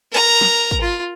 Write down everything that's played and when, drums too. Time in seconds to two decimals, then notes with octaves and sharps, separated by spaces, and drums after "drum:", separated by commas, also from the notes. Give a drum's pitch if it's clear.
0.11 A#4 A#5
0.41 drum: snare
0.71 drum: kick
0.81 F4